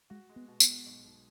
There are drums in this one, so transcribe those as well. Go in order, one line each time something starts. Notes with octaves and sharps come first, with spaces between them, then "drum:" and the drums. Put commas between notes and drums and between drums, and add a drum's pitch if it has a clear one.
G#3 F#4
G#3
B3
B2
B3, drum: tambourine
G#3
B1
B1